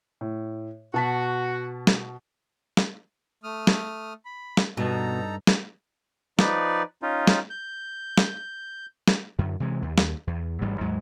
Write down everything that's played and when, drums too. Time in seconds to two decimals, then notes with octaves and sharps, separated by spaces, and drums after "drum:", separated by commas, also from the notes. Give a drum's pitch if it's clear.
0.21 A2
0.94 B2 F#4 A5 B6
1.87 drum: snare
2.77 drum: snare
3.44 A3 D#6 F6
3.67 drum: snare
4.25 B5
4.57 drum: snare
4.77 G2 B2 D#4 A4 A#5
5.47 drum: snare
6.39 F3 D#4 B4 D5, drum: snare
7.02 C#4 D#4 F4
7.27 drum: snare
7.50 G6
8.18 drum: snare
9.08 drum: snare
9.39 F#2 D3
9.60 C3 E3 G#3
9.82 D#2
9.98 drum: snare
10.27 E2
10.61 A1 G#2 G3
10.80 D#2 G#2 F#3 G#3